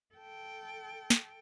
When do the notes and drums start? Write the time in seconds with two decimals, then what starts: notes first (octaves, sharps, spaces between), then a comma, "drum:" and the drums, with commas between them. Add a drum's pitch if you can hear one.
0.15 A4 G5
1.10 drum: snare